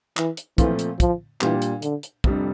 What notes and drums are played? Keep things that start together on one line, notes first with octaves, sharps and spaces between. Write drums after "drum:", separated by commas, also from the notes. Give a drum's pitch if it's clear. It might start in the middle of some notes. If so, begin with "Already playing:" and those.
E3, drum: clap
drum: hi-hat
A#2 E3 F3 A3 C4 F4, drum: kick, hi-hat
drum: hi-hat
F3, drum: kick, hi-hat
A#2 E3 G3 D4 G4, drum: clap
drum: hi-hat
D3, drum: hi-hat
drum: hi-hat
F1 F2 C3 G3 D4, drum: kick